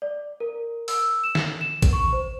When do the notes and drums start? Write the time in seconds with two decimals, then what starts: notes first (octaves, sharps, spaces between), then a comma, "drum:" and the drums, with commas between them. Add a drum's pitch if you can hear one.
0.02 D5
0.40 A#4
0.88 E6, drum: open hi-hat
1.24 E7
1.35 drum: snare
1.61 E7
1.82 drum: kick, hi-hat
1.93 C#6
2.13 C5